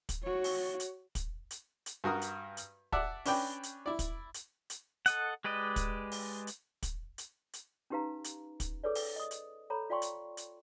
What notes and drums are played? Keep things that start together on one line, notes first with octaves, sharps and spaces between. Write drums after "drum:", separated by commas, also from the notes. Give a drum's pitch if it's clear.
drum: kick, hi-hat
F#4 C#5
drum: open hi-hat
drum: hi-hat
drum: kick, hi-hat
drum: hi-hat
drum: hi-hat
G2 F#4 A#4 D#6
drum: hi-hat
drum: hi-hat
D5 E5 F#5 A5, drum: kick
C#4 D4 B4 D5 G5, drum: open hi-hat
drum: hi-hat
E4 D5
drum: kick, hi-hat
drum: hi-hat
drum: hi-hat
A4 D#5 F#5, drum: hi-hat
G#3 G4 B4 D5 D#5
drum: kick, hi-hat
drum: open hi-hat
drum: hi-hat
drum: kick, hi-hat
drum: hi-hat
drum: hi-hat
C#4 D#4 G4 B4 F5 A#5
drum: hi-hat
drum: kick, hi-hat
G#4 A4 B4 C#5 D5
drum: open hi-hat
D#5 D#6
drum: hi-hat
A4 C#5 A#5 B5
F4 D5 F5 G5 C6 C#6
drum: hi-hat
drum: hi-hat